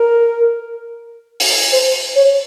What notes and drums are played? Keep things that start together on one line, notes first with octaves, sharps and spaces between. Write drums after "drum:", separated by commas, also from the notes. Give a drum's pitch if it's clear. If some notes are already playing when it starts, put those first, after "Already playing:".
Already playing: A#4
drum: open hi-hat
C5
C#5